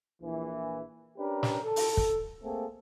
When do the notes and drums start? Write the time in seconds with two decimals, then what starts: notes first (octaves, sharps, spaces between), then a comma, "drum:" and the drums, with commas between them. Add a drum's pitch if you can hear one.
0.22 A#1 E3
1.18 C#4 D4 G4 A#4 B4
1.43 drum: snare
1.64 A4
1.76 drum: open hi-hat
1.97 drum: kick
2.43 A3 A#3 C4 G#4 A4